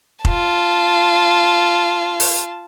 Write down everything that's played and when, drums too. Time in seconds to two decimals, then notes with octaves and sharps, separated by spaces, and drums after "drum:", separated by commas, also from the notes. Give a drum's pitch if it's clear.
0.25 F4 A5, drum: kick F1
2.20 drum: open hi-hat